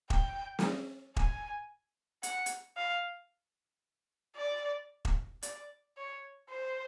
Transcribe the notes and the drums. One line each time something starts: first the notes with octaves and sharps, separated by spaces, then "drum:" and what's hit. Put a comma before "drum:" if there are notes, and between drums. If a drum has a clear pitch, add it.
G5, drum: kick E1
drum: snare
G#5, drum: kick E1
F#5, drum: hi-hat
drum: hi-hat
F5
D5
drum: kick E1
D5, drum: hi-hat
C#5
C5